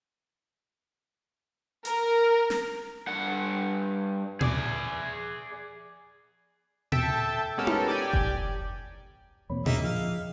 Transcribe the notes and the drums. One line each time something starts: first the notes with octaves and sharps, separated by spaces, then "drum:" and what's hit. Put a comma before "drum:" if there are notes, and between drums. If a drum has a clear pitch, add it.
A#4, drum: hi-hat
drum: snare
G2 F#5
G#4 D5, drum: tom A#2
A4 E5 G5 A5, drum: tom A#2
G#3 B3 C#4 G4 A4 A#4
drum: tom D#4
G4 D5 G5 G#5
drum: kick F#1
E2 B2 A#3 C4 C#5 B5
G2 A#3 D4 D#4 G#4 D#5 E5 G5, drum: tom A#2
F3 F5